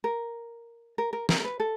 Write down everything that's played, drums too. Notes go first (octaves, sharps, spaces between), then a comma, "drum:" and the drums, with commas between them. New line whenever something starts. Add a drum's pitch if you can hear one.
A#4
A#4
A#4
A#4, drum: snare
A#4
B4
A4